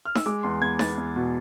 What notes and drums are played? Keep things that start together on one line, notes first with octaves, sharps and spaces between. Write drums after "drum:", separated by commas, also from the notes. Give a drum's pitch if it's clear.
F6
E6, drum: snare D#4
G#3 D6
E2 C6
B3 G#6
B3 A6, drum: snare D#4
E2
B2